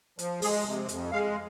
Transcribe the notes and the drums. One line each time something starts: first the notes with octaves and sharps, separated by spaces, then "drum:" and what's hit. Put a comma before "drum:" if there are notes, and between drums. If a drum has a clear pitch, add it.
F3, drum: hi-hat
G#3 G#4, drum: open hi-hat
C3
F2, drum: hi-hat
G#3 F5